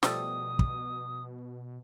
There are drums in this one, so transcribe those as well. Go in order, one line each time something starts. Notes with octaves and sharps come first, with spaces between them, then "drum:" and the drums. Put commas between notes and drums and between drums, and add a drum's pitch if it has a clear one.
B2 F3 G3 A3 D#6, drum: snare
drum: kick